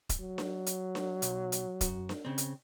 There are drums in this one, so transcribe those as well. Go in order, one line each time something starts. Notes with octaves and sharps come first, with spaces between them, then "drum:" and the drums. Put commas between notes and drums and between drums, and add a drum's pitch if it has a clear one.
drum: kick D#1, hi-hat
F#3
drum: snare D4
drum: hi-hat
drum: snare D4
B1, drum: hi-hat
drum: hi-hat
F#2 F#4, drum: kick D#1, hi-hat
drum: snare D4
C#3 C4
drum: hi-hat